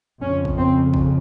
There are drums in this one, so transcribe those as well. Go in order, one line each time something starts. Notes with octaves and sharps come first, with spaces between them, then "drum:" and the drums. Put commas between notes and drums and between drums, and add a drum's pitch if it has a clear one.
F2 C#3 C#4
drum: kick
C4
drum: kick